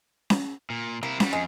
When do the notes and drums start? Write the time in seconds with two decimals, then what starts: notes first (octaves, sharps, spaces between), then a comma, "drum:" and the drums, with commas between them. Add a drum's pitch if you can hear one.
0.30 drum: snare C#4
0.70 A#2
1.03 C3 A#3 E4
1.20 G3 F#4, drum: snare C#4
1.33 F2 G#3